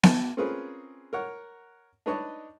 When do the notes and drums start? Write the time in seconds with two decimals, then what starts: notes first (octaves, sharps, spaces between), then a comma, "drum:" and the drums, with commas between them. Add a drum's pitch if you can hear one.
0.03 A5, drum: snare B3
0.37 C4 C#4 F4 G#4 A#4 B4
1.13 A#4 C#5 F#5
2.06 D4 D#4 B4 C#5 D#5 A5